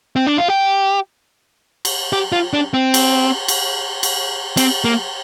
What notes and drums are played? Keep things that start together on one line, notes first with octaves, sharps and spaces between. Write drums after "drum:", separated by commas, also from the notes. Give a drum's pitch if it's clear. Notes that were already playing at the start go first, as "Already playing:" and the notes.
C4
D4
F4
G4
drum: cymbal
G4
F4
D4
C4
drum: cymbal
drum: cymbal
drum: cymbal
C4, drum: cymbal
A#3